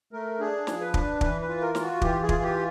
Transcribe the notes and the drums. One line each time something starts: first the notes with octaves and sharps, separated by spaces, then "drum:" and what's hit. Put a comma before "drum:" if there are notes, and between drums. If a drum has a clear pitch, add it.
A3 A#4
D4 G#4
F3, drum: snare
B4
D4, drum: kick
E3 B4, drum: kick
B4
F4
A#4
F4, drum: snare
F#4
E3 G4, drum: kick
G#4
F4, drum: kick
G4